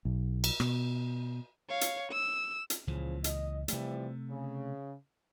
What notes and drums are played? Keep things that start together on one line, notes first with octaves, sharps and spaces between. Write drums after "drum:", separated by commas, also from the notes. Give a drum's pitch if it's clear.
B1
drum: cymbal
B2, drum: rim click
C#5 F5
drum: hi-hat
E6
drum: hi-hat
C#2 A#2 C#3 E3 F3
D#5, drum: hi-hat
C3 E3 F3 G3 A3, drum: hi-hat
C#3